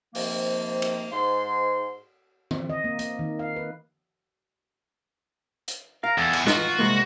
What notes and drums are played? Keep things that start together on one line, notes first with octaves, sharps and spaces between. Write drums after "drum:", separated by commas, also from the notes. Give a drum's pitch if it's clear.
C3 D#3 F3 A#3, drum: open hi-hat
drum: cymbal
G#2 C6
C4, drum: tom D3
D#5
A#3
A#3, drum: hi-hat
D#3
F5
B4
drum: hi-hat
A#4 F5
E2 A4
drum: cymbal
F4 F#4 D#5, drum: snare
C2 G#3 A#3